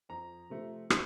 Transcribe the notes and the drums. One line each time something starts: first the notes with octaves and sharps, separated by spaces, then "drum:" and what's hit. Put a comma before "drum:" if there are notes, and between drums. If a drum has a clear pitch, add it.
F2 A#5
C3 F3 A3
C6, drum: rim click